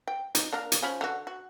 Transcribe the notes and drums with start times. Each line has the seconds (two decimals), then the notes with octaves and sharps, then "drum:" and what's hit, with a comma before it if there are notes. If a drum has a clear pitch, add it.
0.08 G5
0.35 D#4, drum: hi-hat
0.53 A#3 D4 A#4
0.72 drum: hi-hat
0.83 F3 C#4 B5
1.01 D3 F#4
1.27 F#4